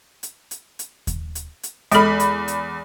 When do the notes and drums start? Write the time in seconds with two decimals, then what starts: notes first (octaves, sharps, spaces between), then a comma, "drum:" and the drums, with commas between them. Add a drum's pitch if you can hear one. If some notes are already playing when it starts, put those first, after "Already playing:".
0.23 drum: hi-hat
0.51 drum: hi-hat
0.79 drum: hi-hat
1.07 drum: kick D#2, hi-hat
1.35 drum: hi-hat
1.63 drum: hi-hat
1.92 E2 G#3 A4 B5, drum: hi-hat
2.20 drum: hi-hat
2.48 drum: hi-hat